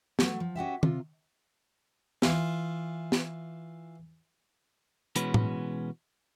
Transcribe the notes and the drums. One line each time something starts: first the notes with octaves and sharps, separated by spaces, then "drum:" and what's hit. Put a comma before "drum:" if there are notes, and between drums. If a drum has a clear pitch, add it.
F#3 A3, drum: snare
F3
C#4 F#4 G4 E5
C3 F4, drum: tom
E3 F4, drum: snare
drum: snare
B2 E3 G#3 C#4 F#4 B4, drum: hi-hat
drum: tom